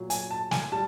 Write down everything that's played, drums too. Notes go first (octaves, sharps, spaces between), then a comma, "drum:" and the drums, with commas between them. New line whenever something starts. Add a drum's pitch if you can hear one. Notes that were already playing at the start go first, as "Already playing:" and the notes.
Already playing: A#2 F#3
G#5, drum: hi-hat
A5
G#5, drum: snare
G3 A5